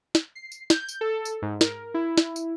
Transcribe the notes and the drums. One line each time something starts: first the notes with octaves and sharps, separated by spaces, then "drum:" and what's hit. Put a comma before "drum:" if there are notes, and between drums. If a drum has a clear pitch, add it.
drum: snare
C7
drum: tambourine
G6, drum: snare
drum: tambourine
A4
drum: tambourine
G#2
A#4, drum: snare
E4
drum: snare
drum: tambourine